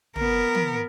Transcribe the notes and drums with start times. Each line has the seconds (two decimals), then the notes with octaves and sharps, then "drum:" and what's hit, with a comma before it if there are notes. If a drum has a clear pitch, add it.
0.16 B3 A#4, drum: tom
0.55 drum: tom